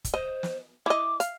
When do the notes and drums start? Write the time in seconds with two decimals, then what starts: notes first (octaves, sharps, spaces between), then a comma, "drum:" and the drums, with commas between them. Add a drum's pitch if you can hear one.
0.05 drum: kick, hi-hat
0.14 C5 D#5
0.43 drum: snare
0.86 E4 D#5 D6
1.20 F5, drum: hi-hat